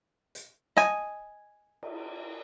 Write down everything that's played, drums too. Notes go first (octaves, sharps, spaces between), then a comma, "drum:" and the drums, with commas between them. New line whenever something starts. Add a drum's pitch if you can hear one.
drum: hi-hat
D#5 G#5, drum: snare
drum: cymbal